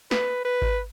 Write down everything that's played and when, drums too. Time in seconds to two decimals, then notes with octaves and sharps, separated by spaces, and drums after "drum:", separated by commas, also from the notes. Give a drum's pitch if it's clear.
0.11 B4, drum: snare
0.45 B4
0.62 drum: kick G#1